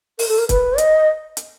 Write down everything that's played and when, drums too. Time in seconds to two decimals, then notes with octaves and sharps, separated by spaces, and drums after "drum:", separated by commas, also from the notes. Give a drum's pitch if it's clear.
0.19 A#4, drum: open hi-hat
0.28 A4
0.38 A#4
0.49 B4, drum: kick, hi-hat
0.78 D#5, drum: hi-hat
1.37 drum: hi-hat